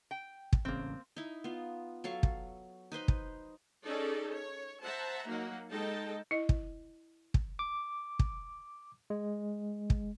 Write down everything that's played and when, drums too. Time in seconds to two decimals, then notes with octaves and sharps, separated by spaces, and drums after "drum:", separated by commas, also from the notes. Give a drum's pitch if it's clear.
0.11 G5
0.53 drum: kick
0.65 A1 C#3 A#3 C4
1.16 D#4 E4
1.44 B3 F4
2.04 F#3 A4 F5 C#6
2.23 drum: kick
2.92 D#4 B4 C5 D#5
3.08 drum: kick
3.86 C#4 D#4 G#4 A4 D5
4.33 C#5
4.83 C5 E5 F#5 A5 A#5
5.27 F#3 A#3 D#4 F#5
5.71 G#3 D#4 A4 D#5 G5 A5
6.31 E4 D#5
6.49 drum: kick
7.34 drum: kick
7.59 D6
8.19 drum: kick
9.10 G#3
9.90 drum: kick